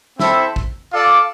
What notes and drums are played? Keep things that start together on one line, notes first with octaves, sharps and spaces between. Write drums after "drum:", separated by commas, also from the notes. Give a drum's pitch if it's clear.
C4 E4 A4 C5 E5, drum: snare
drum: kick
F4 A4 D5